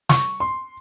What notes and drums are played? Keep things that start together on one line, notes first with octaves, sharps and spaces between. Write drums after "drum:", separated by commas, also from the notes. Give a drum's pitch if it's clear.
C#6, drum: snare
C6